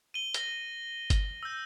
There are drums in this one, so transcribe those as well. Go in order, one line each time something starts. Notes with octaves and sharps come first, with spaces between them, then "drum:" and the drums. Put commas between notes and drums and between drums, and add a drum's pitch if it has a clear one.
D#7 G7
A#6 G7, drum: hi-hat
drum: kick G1, hi-hat
E6 G6